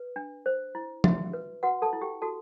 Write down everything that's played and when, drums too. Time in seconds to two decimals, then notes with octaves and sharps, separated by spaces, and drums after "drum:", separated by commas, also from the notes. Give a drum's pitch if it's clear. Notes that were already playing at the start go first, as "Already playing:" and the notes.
Already playing: B4
0.16 D4
0.46 C5
0.75 E4
1.04 F#4 E5, drum: tom
1.33 B4
1.63 F#4 B4 F#5
1.82 A4 A5
1.93 E4
2.01 G4 G5
2.22 F#4 A4 A5